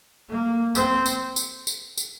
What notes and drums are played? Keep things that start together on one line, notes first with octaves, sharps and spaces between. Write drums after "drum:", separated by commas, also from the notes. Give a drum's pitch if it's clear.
A#3
C4, drum: tambourine
drum: tambourine
drum: tambourine
drum: tambourine
drum: tambourine